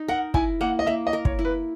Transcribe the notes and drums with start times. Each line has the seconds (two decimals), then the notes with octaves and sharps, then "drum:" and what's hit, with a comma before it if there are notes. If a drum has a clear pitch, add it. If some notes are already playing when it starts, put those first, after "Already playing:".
Already playing: D#4
0.08 A#4 F#5
0.34 E4 G#5, drum: kick
0.61 A#3 F#5
0.79 D#5
0.86 A#3 E5
1.07 D#5
1.13 A#4
1.25 C#5, drum: kick
1.39 E4
1.45 B4